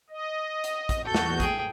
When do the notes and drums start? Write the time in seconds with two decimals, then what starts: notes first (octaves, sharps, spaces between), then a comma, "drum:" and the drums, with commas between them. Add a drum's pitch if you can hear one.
0.10 D#5
0.64 drum: hi-hat
0.89 drum: kick, hi-hat
1.05 E2 F#4 A4 G6
1.15 drum: snare
1.40 G#4 G5, drum: kick, hi-hat